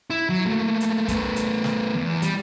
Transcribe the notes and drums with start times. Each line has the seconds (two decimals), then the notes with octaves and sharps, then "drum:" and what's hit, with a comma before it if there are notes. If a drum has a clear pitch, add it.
0.10 E4
0.29 F#3
0.45 A3 A#3
0.80 drum: hi-hat
1.08 A3 B3, drum: kick, hi-hat
1.36 drum: hi-hat
1.64 drum: snare
1.95 E2
2.22 G3, drum: hi-hat